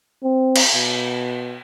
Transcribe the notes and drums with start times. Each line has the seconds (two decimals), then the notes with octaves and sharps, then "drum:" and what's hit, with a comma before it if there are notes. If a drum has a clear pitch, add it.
0.23 C4
0.56 drum: cymbal
0.74 B2